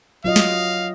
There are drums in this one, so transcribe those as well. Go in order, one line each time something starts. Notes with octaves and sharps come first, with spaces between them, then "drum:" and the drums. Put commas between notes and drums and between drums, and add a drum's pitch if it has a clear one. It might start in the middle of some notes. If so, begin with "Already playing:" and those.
F#3 F4 D#5 F5
drum: snare